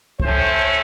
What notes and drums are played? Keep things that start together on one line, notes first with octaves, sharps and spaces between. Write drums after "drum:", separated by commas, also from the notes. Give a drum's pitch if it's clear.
A2 A3 C#4 C5, drum: kick C#2